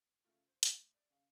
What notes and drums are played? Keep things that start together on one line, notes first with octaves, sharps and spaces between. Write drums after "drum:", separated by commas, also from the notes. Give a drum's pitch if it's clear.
C#3 A3 F4
C5
A2 C#6, drum: hi-hat
D5
C#3 F5